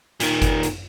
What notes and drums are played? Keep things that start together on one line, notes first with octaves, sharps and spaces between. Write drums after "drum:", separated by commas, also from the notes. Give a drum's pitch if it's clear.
A#2 D#3, drum: hi-hat
drum: kick G1, hi-hat
drum: hi-hat